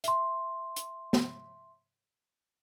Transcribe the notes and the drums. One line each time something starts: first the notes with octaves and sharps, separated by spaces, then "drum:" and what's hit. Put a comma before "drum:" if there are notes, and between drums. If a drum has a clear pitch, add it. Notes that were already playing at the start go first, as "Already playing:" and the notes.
E5 C6, drum: hi-hat
drum: hi-hat
drum: snare